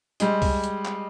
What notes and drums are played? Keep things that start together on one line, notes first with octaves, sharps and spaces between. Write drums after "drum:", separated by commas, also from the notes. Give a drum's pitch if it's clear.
G3 G#3, drum: hi-hat
drum: kick C2, open hi-hat
drum: hi-hat
drum: clap